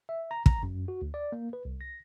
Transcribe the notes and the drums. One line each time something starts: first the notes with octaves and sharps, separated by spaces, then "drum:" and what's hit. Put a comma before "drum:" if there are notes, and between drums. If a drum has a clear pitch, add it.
E5
A#5
A#5, drum: kick
F#2
F#4
D2
D5
A#3
B4
C2
A#6